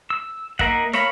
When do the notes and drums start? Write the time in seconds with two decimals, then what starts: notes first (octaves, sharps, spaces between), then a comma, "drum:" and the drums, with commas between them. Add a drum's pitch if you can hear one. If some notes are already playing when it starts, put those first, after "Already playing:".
0.10 E6
0.59 A#3 D#4 A#4 E5 F#5, drum: kick
0.93 A#4 C#5 E5 F5 B5, drum: snare